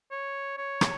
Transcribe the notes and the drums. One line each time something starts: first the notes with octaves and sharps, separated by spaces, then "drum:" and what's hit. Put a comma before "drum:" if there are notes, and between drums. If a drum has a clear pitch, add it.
C#5
C#5
drum: rim click